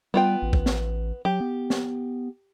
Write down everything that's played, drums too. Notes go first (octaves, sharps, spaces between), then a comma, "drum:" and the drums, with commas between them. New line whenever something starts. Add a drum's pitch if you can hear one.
G3 B3 F4 G5
A1
drum: kick
drum: snare
F#3 G4
B3
drum: snare